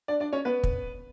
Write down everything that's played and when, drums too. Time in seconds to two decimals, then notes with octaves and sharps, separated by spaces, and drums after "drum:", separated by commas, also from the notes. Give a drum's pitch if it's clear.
0.08 D4 D5
0.20 D4 D5
0.33 C#4 C#5
0.45 B3 B4
0.63 drum: kick